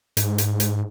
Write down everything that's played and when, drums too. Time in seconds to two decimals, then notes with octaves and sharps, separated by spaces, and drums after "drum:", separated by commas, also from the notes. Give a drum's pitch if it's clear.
0.17 G#2, drum: hi-hat
0.38 drum: hi-hat
0.60 drum: hi-hat